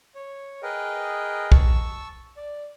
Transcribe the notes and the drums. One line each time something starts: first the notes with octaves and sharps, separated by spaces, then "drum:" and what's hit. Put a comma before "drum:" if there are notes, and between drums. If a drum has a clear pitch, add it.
C#5
G#4 A#4 B4 D#5 G5
A5 C#6 E6, drum: kick
D5